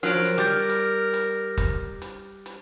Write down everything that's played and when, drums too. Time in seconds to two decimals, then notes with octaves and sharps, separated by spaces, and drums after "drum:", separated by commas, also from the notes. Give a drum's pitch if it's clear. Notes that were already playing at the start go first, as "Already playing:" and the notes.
0.03 F3 F#3 A#4 F6 F#6 D7
0.25 drum: hi-hat
0.38 G3 D6 G6 A6
0.69 drum: hi-hat
1.13 drum: hi-hat
1.57 drum: kick, hi-hat
2.02 drum: hi-hat
2.46 drum: hi-hat